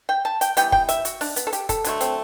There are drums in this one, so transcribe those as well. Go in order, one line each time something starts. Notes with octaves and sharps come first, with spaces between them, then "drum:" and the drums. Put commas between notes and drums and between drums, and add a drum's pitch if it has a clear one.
G5
A5
G5, drum: hi-hat
E3 G3 B3 G5, drum: hi-hat
G5, drum: kick
E5, drum: hi-hat
F#4, drum: hi-hat
D4, drum: open hi-hat
B3, drum: hi-hat
A4
G4, drum: hi-hat
A4, drum: kick, hi-hat
D3 F#3 A3, drum: hi-hat
C4, drum: hi-hat